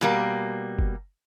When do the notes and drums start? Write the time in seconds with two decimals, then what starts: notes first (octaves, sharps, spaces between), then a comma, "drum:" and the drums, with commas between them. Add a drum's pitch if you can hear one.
0.01 B2 G3 A#3
0.79 drum: kick F#1